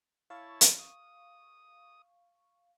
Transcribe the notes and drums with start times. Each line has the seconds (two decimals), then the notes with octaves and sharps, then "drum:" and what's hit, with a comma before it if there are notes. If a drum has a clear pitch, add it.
0.30 E4 C#5 F5 A5 C#6
0.61 drum: hi-hat
0.79 D#6